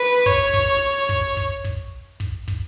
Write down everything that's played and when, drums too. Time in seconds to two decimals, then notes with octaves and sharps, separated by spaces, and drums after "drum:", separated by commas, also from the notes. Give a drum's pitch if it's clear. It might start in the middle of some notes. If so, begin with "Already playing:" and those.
Already playing: B4
0.26 C#5, drum: kick
0.53 drum: kick
1.09 drum: kick
1.37 drum: kick
1.64 drum: kick
2.20 drum: kick
2.48 drum: kick